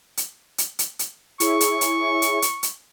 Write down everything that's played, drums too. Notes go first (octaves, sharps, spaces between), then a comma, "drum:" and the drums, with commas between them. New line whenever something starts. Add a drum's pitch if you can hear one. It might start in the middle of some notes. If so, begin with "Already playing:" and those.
drum: hi-hat
drum: hi-hat
drum: hi-hat
drum: hi-hat
E4 G#4 C#5 C#6, drum: hi-hat
drum: hi-hat
drum: hi-hat
drum: hi-hat
drum: hi-hat
drum: hi-hat